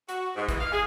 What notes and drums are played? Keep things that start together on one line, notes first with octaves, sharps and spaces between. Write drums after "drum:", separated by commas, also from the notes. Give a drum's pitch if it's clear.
F#4, drum: hi-hat
G#2
E3, drum: kick, hi-hat
F5
G#4